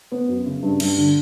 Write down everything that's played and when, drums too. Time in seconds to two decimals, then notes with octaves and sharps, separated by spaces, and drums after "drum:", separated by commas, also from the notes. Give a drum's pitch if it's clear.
0.12 B3
0.28 F#2
0.46 C#3
0.63 G2
0.80 G2, drum: cymbal
0.98 D3